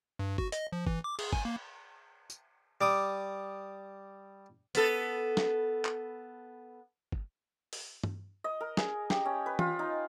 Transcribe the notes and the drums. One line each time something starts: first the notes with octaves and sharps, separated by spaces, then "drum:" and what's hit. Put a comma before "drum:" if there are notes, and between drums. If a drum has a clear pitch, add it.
G2
F#4, drum: kick
D#5, drum: hi-hat
F3
E3, drum: kick
D6
G#4, drum: cymbal
G#5, drum: kick
A#3
drum: tambourine
G3 D6 D#6
B3 A4, drum: hi-hat
drum: snare
drum: clap
drum: kick
drum: open hi-hat
drum: tom
D#5
A#4
G#4, drum: snare
G4, drum: snare
C#4
B4
F4, drum: tom
D#4